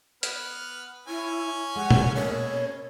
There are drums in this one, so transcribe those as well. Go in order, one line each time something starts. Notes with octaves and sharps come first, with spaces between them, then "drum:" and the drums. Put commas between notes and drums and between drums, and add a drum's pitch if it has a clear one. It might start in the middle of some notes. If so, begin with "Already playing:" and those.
B3 B4 F6, drum: hi-hat
C#4 E4 G#5
G#3 F#5
drum: tom A#2
B2 G#3 A#3 C#4 A4 C#5